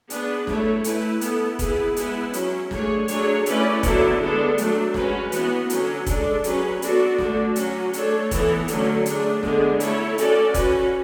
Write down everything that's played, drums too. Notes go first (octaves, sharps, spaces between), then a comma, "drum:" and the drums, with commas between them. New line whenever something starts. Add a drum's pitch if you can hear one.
B3 D4 G#4 B4, drum: hi-hat
A3 E4 A4 C#5, drum: snare
A3 E4 B4, drum: hi-hat
B3 E4 A4, drum: hi-hat
B3 E4 G#4 B4, drum: kick F1, hi-hat
G#3 B3 E4 B4, drum: hi-hat
F#3 C#4 E4, drum: hi-hat
A3 D4 G#4 C#5, drum: snare
F#3 A3 D4 G#4 C#5, drum: hi-hat
A3 C#4 E4 B4 D5, drum: hi-hat
D3 F#3 B3 E4 A4, drum: kick F1, hi-hat
G#3 B3 D4 A4
F#3 A3 D4, drum: hi-hat
G#3 C#4 F#4 B4, drum: snare
E3 B3 F#4, drum: hi-hat
D3 F#3 C#4, drum: hi-hat
G#3 D4 A4 D5, drum: kick F1, hi-hat
F#3 C#4 G#4 B4, drum: hi-hat
B3 D4 F#4 A4 D5, drum: hi-hat
D3 A3 D4 F#4, drum: snare
F#3 C#4 F#4, drum: hi-hat
A3 D4 A4 C#5, drum: hi-hat
E3 B3 E4 A4, drum: kick F1, hi-hat
D3 F#3 A3 C#4, drum: hi-hat
A3 D4 G#4, drum: hi-hat
D3 G#3 B3 D4 G#4, drum: snare
A3 E4 A4 C#5, drum: hi-hat
C#4 F#4 A4 D5, drum: hi-hat
C#4 F#4 B4, drum: kick F1, hi-hat